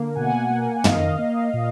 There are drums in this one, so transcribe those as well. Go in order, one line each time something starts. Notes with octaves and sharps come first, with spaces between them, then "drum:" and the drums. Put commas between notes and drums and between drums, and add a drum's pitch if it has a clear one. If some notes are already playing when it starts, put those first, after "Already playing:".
Already playing: D3 A#3
B2 F#5 G#5
A#3
F#5
D#3 D#5 F5, drum: tom
A#3
A#2